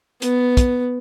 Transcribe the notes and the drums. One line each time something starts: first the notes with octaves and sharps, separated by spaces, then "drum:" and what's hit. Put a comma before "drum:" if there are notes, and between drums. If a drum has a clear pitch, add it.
B3, drum: hi-hat
drum: kick, hi-hat